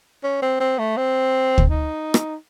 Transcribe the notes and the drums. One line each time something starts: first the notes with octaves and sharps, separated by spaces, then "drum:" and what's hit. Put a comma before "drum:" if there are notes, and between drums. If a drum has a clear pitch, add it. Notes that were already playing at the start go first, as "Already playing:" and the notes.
C#4
C4
C4
A3
C4
drum: kick D2
D#4
drum: rim click